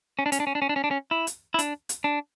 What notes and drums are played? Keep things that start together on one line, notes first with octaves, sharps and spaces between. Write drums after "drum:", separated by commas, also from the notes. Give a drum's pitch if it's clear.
C#4
D4
C#4, drum: hi-hat
D4
C#4
D4
C#4
D4
C#4
D4
C#4
E4
drum: hi-hat
E4
D4, drum: hi-hat
drum: hi-hat
D4